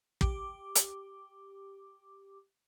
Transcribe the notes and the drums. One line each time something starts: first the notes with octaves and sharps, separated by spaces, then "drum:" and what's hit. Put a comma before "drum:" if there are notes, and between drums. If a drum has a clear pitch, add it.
G4 D6, drum: kick
drum: hi-hat